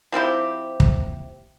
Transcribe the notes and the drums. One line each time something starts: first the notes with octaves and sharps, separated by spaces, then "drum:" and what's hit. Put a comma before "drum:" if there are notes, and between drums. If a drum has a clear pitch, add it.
F3 C4 E4 G4
drum: kick